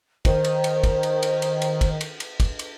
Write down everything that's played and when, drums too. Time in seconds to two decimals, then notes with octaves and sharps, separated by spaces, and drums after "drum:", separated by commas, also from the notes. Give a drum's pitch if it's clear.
0.25 D#3 C5, drum: kick, cymbal
0.44 drum: cymbal
0.64 drum: cymbal
0.84 drum: kick, cymbal
1.03 drum: cymbal
1.23 drum: cymbal
1.42 drum: cymbal
1.62 drum: cymbal
1.81 drum: kick, cymbal
2.01 drum: cymbal
2.20 drum: cymbal
2.40 drum: kick, cymbal
2.59 drum: cymbal